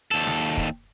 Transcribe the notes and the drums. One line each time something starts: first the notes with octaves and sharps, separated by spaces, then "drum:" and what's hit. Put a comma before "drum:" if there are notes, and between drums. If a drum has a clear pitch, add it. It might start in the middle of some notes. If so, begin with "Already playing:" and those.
D#2 A4
drum: snare
drum: kick, hi-hat